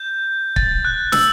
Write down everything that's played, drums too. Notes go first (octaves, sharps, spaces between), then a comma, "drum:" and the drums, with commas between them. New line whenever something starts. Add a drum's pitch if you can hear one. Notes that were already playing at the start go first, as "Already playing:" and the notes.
Already playing: G6
A6, drum: kick
F#6
E6, drum: snare